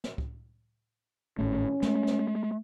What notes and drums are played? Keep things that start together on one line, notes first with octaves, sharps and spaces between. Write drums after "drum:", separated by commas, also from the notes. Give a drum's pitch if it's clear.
drum: snare
drum: kick C#2
G#1 A2 A3 C#4
G#3 A3, drum: snare
drum: snare